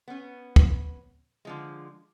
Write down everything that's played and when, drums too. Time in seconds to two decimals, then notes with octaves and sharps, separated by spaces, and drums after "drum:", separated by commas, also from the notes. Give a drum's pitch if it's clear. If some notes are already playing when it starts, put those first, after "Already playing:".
0.08 B3 C#4
0.56 drum: kick
1.45 D3 F3 G#3